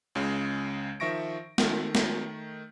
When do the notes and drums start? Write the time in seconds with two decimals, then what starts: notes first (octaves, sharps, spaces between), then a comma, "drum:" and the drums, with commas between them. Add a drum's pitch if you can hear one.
0.15 C#2 C#3 G#3
1.00 D#3 F3 E5 C#6 A#6 D7
1.58 D#3 A3, drum: snare
1.95 drum: snare